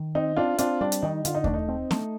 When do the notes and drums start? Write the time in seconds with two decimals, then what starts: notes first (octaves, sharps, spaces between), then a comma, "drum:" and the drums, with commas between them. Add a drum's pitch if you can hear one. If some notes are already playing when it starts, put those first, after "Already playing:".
Already playing: D#3
0.15 C4 D#4
0.37 C4 D4 F4
0.58 C4 D4 F4, drum: hi-hat
0.81 G3 D4
0.92 drum: hi-hat
1.02 D#3 D#4
1.25 D3 F4, drum: hi-hat
1.35 D#4
1.44 A3 D4, drum: kick D#2
1.54 D#4
1.69 C4
1.91 A3, drum: snare